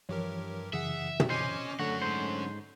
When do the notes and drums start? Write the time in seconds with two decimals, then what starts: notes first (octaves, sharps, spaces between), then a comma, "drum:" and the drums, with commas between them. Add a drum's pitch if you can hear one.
0.09 G2 E3 F3 G4 A#4 C#5
0.73 F#2 C#3 E3 G#4 E5 F#5
1.20 drum: tom
1.30 C#4 C5 D#5 G#5 D6
1.79 D3 F#3 A3 C#4 D4 F#4 A4 F#5
2.02 G#2 C5